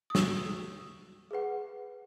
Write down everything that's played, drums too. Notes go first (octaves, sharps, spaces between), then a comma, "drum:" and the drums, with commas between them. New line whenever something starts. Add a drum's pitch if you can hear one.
D#6
C#6 E6, drum: snare
G#4 B4 F#5